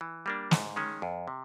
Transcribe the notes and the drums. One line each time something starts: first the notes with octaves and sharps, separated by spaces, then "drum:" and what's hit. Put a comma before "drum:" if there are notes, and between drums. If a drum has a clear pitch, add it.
E3
G3 A#3 D4
G#2, drum: snare
D#3 G#3 C#4
F2
C3